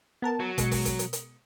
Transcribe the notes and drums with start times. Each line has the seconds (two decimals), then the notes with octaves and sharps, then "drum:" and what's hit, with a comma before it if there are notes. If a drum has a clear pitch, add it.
0.22 B3 A#4 A5
0.40 F#3
0.58 B2 G#3 C#7, drum: kick, hi-hat
0.72 drum: kick, open hi-hat
0.85 drum: kick, hi-hat
0.99 drum: hi-hat
1.13 drum: hi-hat